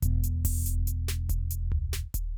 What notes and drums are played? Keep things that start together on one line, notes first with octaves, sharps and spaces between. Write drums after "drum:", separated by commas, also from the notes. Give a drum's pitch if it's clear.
E1 B2, drum: kick D#1, hi-hat
drum: hi-hat
drum: kick D#1, open hi-hat
drum: hi-hat
drum: hi-hat
drum: snare
drum: kick D#1, hi-hat
drum: hi-hat
drum: tom C#2
drum: snare
drum: kick D#1, hi-hat